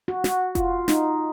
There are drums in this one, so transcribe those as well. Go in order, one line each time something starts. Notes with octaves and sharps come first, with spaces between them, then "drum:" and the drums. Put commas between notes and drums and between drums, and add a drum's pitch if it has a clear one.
F#4
F#4, drum: snare
F4, drum: kick F1, hi-hat
D#4, drum: snare